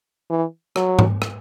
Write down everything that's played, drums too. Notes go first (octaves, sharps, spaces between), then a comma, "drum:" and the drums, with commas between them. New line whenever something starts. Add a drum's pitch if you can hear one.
E3
F#3, drum: rim click
drum: tom G#2
drum: rim click